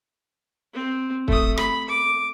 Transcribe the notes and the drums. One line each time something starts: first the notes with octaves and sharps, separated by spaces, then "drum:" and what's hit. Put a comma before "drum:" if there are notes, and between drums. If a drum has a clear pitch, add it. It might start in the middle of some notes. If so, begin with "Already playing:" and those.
C4
A3 D#6, drum: kick
B5, drum: rim click
D6